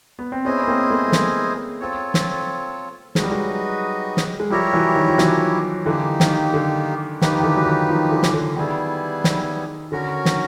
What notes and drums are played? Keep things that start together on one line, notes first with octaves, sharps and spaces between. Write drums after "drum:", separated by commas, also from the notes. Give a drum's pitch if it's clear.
B3
C4
B3 C#4 E4 G#4 C5 D#5
C#4
A#3 C4
A3 B3
A3
G#3 A#3, drum: snare
C4 F4 A4 C#5
drum: snare
G#3 D#4 F#4 B4 D#5, drum: snare
G3
F#3 G#3
drum: snare
G#3
F3 G3 E4 G4 A#4 C#5
E3 F#3
D#3 F3
F3
E3 F#3, drum: snare
D3 E3 A#3 D#4 G4
D#3, drum: snare
D3
D#3 A#3 D#4 G4 B4, drum: snare
D#3
D3 E3
F#3
D#3 F3
D#3 F3
D3 E3
drum: snare
D3
D#3 G3 B3 E4 G#4
D#3, drum: snare
D3 C#4 F#4 A#4
D#3, drum: snare